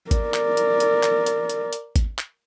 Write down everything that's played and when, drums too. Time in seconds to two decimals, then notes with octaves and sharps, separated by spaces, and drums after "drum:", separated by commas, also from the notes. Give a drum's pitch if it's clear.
0.11 A#4 D5, drum: kick G#1, hi-hat
0.34 drum: clap
0.57 drum: hi-hat
0.80 drum: hi-hat
1.03 drum: clap
1.26 drum: hi-hat
1.50 drum: hi-hat
1.73 drum: hi-hat
1.96 drum: kick G#1, hi-hat
2.19 drum: clap